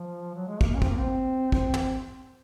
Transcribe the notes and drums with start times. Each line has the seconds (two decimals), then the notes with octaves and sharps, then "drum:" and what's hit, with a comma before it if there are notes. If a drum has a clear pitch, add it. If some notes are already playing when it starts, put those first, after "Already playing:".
Already playing: F3
0.35 F#3
0.48 G#3
0.61 A#3, drum: kick
0.75 C#4
0.82 C4, drum: kick
0.89 A#3
0.98 C4
1.52 C4, drum: kick
1.74 drum: tom